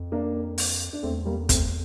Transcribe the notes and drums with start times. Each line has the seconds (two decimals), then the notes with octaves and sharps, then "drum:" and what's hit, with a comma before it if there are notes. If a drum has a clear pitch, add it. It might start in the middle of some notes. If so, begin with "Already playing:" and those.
Already playing: F2
0.12 A#3 D4
0.58 drum: open hi-hat
0.93 D4
1.03 E2 A3 C4
1.25 G3 A#3
1.49 A3 C4, drum: kick, hi-hat